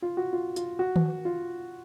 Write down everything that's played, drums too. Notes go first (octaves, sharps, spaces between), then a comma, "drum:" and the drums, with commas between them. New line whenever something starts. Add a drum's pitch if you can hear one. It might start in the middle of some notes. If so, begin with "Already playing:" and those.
F4
F#4
F4
F4, drum: hi-hat
F#4
drum: tom D#3
F4